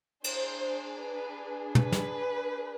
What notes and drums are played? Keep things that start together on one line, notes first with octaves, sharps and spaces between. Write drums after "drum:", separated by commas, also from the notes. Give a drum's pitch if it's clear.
D4 G#4 C5, drum: cymbal
B4
B4, drum: tom
drum: snare